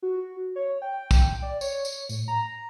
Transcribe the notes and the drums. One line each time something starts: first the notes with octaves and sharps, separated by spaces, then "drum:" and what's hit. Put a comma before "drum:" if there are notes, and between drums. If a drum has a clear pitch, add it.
F#4
C#5
G5
drum: kick, tambourine
D5
C#5, drum: tambourine
drum: tambourine
A2, drum: tambourine
A#5